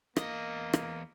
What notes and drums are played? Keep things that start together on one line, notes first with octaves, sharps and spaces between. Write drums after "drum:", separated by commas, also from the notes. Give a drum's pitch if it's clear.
E2 A#3 D#5, drum: rim click
drum: rim click